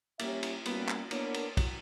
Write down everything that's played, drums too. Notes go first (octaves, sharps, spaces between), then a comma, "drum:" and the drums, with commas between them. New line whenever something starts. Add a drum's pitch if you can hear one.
G3 A#3 C#4 G4 C#5 E5, drum: cymbal
drum: cymbal
G3 A#3 B3 C#4 F#4, drum: cymbal
drum: clap
A#3 B3 D4 A#4 C#5, drum: cymbal
drum: cymbal
F#3, drum: kick, cymbal